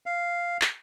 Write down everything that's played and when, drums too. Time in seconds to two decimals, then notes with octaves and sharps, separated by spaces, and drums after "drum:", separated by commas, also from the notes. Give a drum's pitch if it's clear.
0.06 F5
0.61 drum: clap